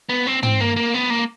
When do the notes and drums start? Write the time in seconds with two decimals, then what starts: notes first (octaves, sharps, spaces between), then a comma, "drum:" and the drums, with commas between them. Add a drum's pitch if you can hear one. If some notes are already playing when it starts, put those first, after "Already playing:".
0.09 B3
0.27 C4
0.43 C4, drum: tom
0.60 A#3
0.76 A#3
0.94 B3
1.10 A#3